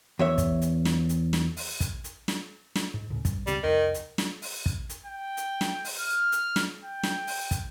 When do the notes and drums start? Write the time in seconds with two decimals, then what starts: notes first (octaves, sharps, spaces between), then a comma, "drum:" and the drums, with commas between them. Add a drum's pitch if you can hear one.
0.19 E2 C#5 E5
0.38 drum: kick, hi-hat
0.62 drum: hi-hat
0.85 drum: snare
1.09 drum: hi-hat
1.33 drum: snare
1.57 drum: open hi-hat
1.80 drum: kick, hi-hat
2.04 drum: hi-hat
2.28 drum: snare
2.75 drum: snare
2.94 G#2
3.10 D2 A2 C#3
3.25 G2, drum: kick, hi-hat
3.47 C#2 C#3 G3 C4, drum: hi-hat
3.63 C2 F2 D#3
3.94 drum: hi-hat
4.18 drum: snare
4.42 drum: open hi-hat
4.66 drum: kick
4.89 drum: hi-hat
5.06 G5
5.37 drum: hi-hat
5.61 drum: snare
5.85 drum: open hi-hat
5.99 F6
6.32 drum: hi-hat
6.56 drum: snare
6.84 G5
7.03 drum: snare
7.27 drum: open hi-hat
7.51 drum: kick, hi-hat